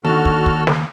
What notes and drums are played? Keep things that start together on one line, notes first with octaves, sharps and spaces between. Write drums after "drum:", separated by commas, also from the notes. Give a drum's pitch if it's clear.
D#2 D3 D#3 F#4 A4 F6
drum: kick
drum: kick
drum: snare